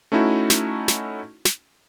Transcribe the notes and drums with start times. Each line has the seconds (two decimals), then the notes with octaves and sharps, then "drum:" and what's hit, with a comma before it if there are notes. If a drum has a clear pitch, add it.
0.12 A3 C#4 D#4 E4 F#4
0.50 drum: snare
0.88 drum: snare
1.45 drum: snare